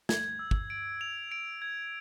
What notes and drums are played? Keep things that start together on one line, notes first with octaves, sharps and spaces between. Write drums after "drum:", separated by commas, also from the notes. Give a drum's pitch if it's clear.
G#6, drum: snare
E6
drum: kick
D7
F7
D7
G#6